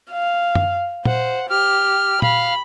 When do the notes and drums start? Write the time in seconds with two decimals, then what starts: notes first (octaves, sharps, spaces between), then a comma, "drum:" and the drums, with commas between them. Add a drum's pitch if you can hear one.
0.11 F5
0.55 drum: tom
1.05 C5 F#5, drum: tom A#2
1.49 G4 F6
2.22 F5 B5, drum: tom A#2